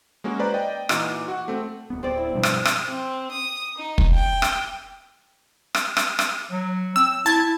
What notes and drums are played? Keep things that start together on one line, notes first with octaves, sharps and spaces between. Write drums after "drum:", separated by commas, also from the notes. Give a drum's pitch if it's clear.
G#3 A#3 C#4 F#4 A#4
B4 C5 D5 A#5
D5 D#5 G5
A#2 E3 D#4 F#4 D#5 D6, drum: rim click
F#4 F#5
A3 C4
D1 B3
C4 D5
E4
G2 B2 F3
drum: rim click
drum: rim click
C4
D#6
D#4
drum: kick
G5
drum: rim click
drum: rim click
drum: rim click
drum: rim click
F#3
C4 E6
E4 A5 G#6